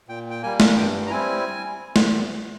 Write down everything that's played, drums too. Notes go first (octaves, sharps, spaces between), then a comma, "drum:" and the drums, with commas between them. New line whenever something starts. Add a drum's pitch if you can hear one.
A#2 G5
G5
G3 A#3 G#5
drum: snare
G2 G5
A#5
G3 C4 E4 G#5
drum: snare